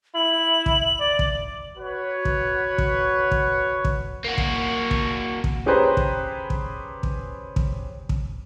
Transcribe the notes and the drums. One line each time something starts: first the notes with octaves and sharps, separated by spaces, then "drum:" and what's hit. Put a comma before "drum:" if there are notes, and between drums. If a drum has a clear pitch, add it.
E4 F#7
drum: kick
D5
drum: kick
F#4 B4 C#5
drum: kick
drum: kick
drum: kick
drum: kick
A#3 F#4
drum: kick
drum: kick
drum: kick
C#4 G4 G#4 B4 C5 A#5
drum: kick
drum: kick
drum: kick
drum: kick
drum: kick